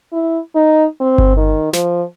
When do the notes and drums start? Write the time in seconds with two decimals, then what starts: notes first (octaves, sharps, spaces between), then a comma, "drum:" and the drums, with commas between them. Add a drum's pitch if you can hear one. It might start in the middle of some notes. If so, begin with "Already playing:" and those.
0.13 E4
0.55 D#4
1.01 C4
1.18 drum: kick G1
1.37 D#3
1.73 F3, drum: snare